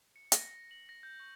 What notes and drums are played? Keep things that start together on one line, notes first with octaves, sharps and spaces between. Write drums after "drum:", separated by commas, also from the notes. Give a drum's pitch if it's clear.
C#7
A#6, drum: hi-hat
A#6
F#7
A#6
G6
C#6